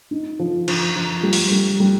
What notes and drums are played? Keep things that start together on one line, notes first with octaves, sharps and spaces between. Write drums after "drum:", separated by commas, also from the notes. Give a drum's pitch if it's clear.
D#4
F3
F3, drum: cymbal
F3
G3
drum: open hi-hat
G3
G3